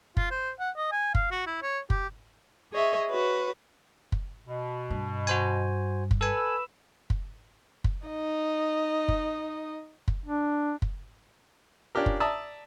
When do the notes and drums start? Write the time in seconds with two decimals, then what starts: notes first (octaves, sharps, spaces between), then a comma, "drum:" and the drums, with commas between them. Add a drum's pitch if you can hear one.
0.17 F4, drum: kick
0.31 C5
0.59 F#5
0.76 D#5
0.92 G#5
1.15 F5, drum: kick
1.31 F#4
1.47 E4
1.62 C#5
1.90 G4, drum: kick
2.72 G#4 C#5 D#5 E5
3.10 F#4 B4 C#5
4.12 drum: kick
4.47 B2
4.90 G2
5.27 F#4 C5 G#5
6.11 drum: kick
6.21 A4 B4 G#5 E6
7.10 drum: kick
7.84 drum: kick
8.07 D#4 D#5
9.08 drum: kick
10.08 drum: kick
10.26 D4
10.82 drum: kick
11.95 C#4 D4 F4 G4 A#4
12.06 drum: kick
12.20 D5 E5 A5 A#5 D#6